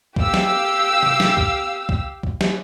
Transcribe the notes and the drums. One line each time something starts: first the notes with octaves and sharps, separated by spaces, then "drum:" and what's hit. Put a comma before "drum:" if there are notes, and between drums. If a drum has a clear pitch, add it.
G4 F5 E6, drum: kick C2
drum: snare
drum: tom C3
drum: snare
drum: kick C2
drum: kick C2
drum: kick C2
drum: snare